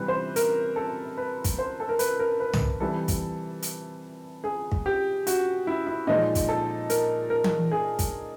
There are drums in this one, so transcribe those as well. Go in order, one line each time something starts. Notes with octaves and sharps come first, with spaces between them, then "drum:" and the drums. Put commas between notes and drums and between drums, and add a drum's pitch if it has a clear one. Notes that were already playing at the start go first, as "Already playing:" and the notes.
Already playing: C3 E3 G3 B4
C5
A#4, drum: hi-hat
A4
B4
drum: kick, hi-hat
C5
A4
A#4
B4, drum: hi-hat
A#4
B4
drum: tom
C3 E3 G3 A4
drum: kick, hi-hat
drum: hi-hat
G#4
drum: kick
G4
F#4, drum: hi-hat
E4
E4
A#2 F3 G#3 D#4
drum: kick, hi-hat
A4
A#4, drum: hi-hat
A#4
drum: tom E3
G#4
drum: kick, hi-hat